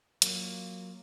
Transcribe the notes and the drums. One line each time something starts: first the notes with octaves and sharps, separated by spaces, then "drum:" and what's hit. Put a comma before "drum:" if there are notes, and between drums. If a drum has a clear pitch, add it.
F#3 A#3 F4, drum: hi-hat